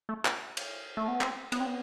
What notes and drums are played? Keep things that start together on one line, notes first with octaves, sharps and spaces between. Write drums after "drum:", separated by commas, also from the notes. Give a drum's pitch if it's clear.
A3
drum: clap
drum: cymbal
A3
B3
C4, drum: clap
B3, drum: cymbal
C4
B3